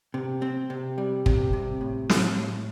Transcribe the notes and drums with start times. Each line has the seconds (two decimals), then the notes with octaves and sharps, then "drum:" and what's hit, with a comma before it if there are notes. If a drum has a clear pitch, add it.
0.14 C3
0.42 C4
0.70 C3
0.98 G3
1.26 C3, drum: kick
1.53 C3
1.81 A2
2.09 A2, drum: snare
2.37 A2